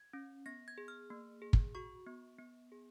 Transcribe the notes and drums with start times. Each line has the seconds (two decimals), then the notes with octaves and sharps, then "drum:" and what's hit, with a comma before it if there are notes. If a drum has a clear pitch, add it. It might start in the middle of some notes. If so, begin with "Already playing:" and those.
Already playing: G#6
0.13 C#4
0.46 B3 A#6
0.68 G#6
0.78 G#4
0.88 F6
1.10 A#3
1.42 G#4
1.53 drum: kick
1.75 F#4 C#6
2.07 B3
2.39 B3
2.72 G#4